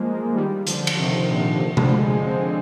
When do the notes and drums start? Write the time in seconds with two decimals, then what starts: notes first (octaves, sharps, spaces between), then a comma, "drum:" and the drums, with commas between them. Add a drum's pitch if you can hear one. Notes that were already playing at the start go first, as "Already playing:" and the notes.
Already playing: F3 G#3 A#3
0.34 D#3 G3
0.67 D3 F3, drum: hi-hat
0.87 drum: cymbal
0.99 C3 D#3
1.30 A#2 D3
1.77 D3 F3, drum: tom C3
1.93 F3 G#3
2.25 G#3 C4